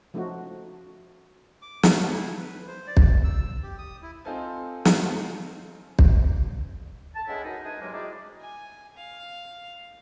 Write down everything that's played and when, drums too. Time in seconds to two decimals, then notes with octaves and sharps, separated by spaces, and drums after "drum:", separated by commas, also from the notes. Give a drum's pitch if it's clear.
0.14 F3 A3 C#4 D#4 F#4
1.62 D6
1.83 C#4, drum: snare
2.11 E4
2.39 B4
2.67 C5
2.87 D5
2.97 drum: kick
3.24 E6
3.63 G4
3.78 D#6
4.02 E4
4.25 C4 D#4 F4 A4 C5 G#5
4.85 drum: snare
5.99 drum: kick
7.15 A5
7.27 A2 G#3 B3 C#4 D4 E4
7.44 F#2 D#4
7.64 E3 G#3 A3 D4 D#4 G#4
7.81 D#2 G#2 C3 F#3 G#3 A#3
7.93 C4 D#4 E4 F#4 G#4 D5
8.41 G#5
8.97 F5